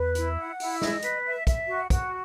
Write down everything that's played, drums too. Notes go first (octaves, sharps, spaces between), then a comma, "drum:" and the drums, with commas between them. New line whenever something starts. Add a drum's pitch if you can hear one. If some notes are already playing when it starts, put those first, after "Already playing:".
Already playing: E2 B4
E4, drum: hi-hat
F#5
E4, drum: open hi-hat
D#5, drum: snare
B4, drum: hi-hat
E5
E5, drum: kick, hi-hat
F#4
F#2 F#4, drum: kick, hi-hat